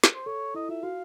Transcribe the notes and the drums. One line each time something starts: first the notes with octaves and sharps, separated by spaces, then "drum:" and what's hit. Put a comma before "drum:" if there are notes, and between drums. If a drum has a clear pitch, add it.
drum: snare
C5
A4 C#5
E4 D#5
F4 E5
F#4 F5